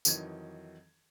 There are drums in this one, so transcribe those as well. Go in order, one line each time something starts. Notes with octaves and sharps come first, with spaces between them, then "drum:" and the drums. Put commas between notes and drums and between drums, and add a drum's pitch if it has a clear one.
F2 D#3 E3 F#3 G#6, drum: tambourine